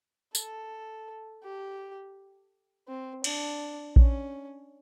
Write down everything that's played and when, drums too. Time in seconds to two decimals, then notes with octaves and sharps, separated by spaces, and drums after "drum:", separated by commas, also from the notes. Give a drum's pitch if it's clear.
0.35 A4, drum: tambourine
1.44 G4
2.88 C4
3.24 D4, drum: cymbal
3.96 C#4, drum: kick A#1